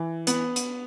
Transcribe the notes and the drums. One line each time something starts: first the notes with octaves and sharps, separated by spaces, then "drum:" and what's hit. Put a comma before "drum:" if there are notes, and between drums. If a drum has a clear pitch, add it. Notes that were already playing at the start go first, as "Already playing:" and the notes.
Already playing: E3
B3, drum: hi-hat
drum: hi-hat